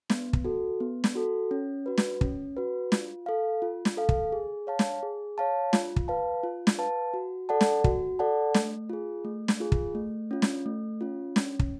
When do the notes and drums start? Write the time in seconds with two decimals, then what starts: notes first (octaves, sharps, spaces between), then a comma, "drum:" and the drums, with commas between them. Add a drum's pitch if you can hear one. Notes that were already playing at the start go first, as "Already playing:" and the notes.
0.10 B3, drum: snare
0.33 drum: kick
0.45 F#4 A4
0.80 B3
1.04 drum: snare
1.15 F#4 A4
1.51 C#4
1.86 F#4 B4
1.98 drum: snare
2.21 C#4, drum: kick
2.57 F#4 B4
2.92 F4, drum: snare
3.26 A4 F5
3.62 F4
3.85 drum: snare
3.97 A4 F5
4.09 drum: kick
4.32 G#4
4.67 C#5 F5 A5
4.79 drum: snare
5.03 G#4
5.38 C#5 F5 A5
5.73 F4, drum: snare
5.96 drum: kick
6.08 B4 F5 A5
6.43 F4
6.67 drum: snare
6.79 B4 F5 A5
7.14 F#4
7.49 A4 D5 F#5 A5
7.61 drum: snare
7.84 F#4, drum: kick
8.19 A4 D5 F#5 A5
8.54 A3, drum: snare
8.90 F4 G#4
9.25 A3
9.48 drum: snare
9.60 F4 G#4
9.72 drum: kick
9.95 A3
10.31 C#4 F4
10.42 drum: snare
10.66 A3
11.01 C#4 F4
11.36 C#4, drum: snare
11.59 drum: kick